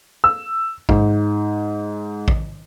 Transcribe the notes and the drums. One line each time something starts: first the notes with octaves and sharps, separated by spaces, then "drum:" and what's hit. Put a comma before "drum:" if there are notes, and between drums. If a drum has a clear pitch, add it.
E6
G#2, drum: kick A1
drum: kick A1